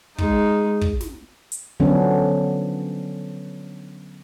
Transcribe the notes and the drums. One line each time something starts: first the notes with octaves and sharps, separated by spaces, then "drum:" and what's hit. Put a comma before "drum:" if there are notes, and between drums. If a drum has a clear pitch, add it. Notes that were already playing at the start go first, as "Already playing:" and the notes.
G#3 D#4, drum: kick
drum: kick
drum: snare
drum: hi-hat
D3 F3 F#3 B3 C#4 D4